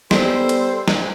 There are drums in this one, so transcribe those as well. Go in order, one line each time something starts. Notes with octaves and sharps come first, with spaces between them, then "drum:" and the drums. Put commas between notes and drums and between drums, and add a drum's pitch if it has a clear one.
G3 B3 A4 C5, drum: snare
drum: cymbal
drum: snare